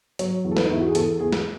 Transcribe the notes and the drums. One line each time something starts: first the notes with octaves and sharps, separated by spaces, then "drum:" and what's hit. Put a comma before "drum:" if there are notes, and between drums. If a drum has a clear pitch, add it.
F#3 C#5, drum: hi-hat
E2
A4
B4, drum: snare
D#4
E2 E4
F#4
G#4
E2 A4, drum: hi-hat
E2 G#4
drum: snare